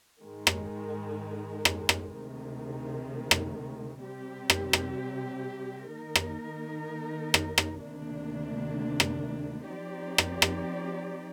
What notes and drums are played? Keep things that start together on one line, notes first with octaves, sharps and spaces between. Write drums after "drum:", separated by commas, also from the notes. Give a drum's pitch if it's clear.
G#2 D#3 G#3
drum: rim click
drum: rim click
drum: rim click
D2 C3 D#3 G#3
drum: rim click
C3 G3 C4 G4
drum: rim click
drum: rim click
D#3 A#3 D#4 A#4
drum: rim click
drum: rim click
drum: rim click
D2 C3 D#3 A#3 D4
drum: rim click
F3 C4 D#4 G4 D5
drum: rim click
drum: rim click